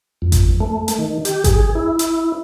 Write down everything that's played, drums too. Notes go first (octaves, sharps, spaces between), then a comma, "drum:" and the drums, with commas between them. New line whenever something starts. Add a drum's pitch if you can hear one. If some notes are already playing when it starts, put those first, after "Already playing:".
F2
drum: kick G#1, hi-hat
A3
drum: hi-hat
D#3
G4, drum: hi-hat
G#4, drum: kick G#1, hi-hat
E4
drum: hi-hat